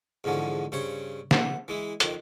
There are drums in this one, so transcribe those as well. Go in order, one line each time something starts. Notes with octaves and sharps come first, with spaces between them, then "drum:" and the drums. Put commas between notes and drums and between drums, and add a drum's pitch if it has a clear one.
E2 G#2 D3 F3 C#4
G2 C#3 C5 C#5
F#5, drum: snare
E3 G#3 E4
F2 D#3, drum: hi-hat